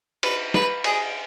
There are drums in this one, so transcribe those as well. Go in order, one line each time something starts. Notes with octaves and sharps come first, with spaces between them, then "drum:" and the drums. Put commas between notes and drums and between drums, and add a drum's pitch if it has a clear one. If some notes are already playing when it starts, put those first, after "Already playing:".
B4, drum: cymbal
B4, drum: snare
G#4, drum: cymbal